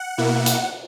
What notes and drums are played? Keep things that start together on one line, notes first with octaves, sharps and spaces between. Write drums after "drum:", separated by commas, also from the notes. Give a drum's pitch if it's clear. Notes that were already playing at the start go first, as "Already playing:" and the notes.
Already playing: F#5
B2 A#3 E4
drum: hi-hat